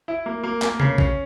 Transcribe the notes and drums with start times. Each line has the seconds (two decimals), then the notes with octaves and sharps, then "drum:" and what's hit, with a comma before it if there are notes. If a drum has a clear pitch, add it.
0.08 E4
0.26 A#3
0.43 A#3
0.62 A#3, drum: clap
0.80 C#3, drum: tom C3
0.98 C#4, drum: kick